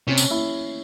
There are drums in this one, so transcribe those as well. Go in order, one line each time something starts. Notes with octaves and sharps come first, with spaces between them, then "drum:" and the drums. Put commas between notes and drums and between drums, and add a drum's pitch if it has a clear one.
C3 C#4 C#5
drum: tambourine
E4 E5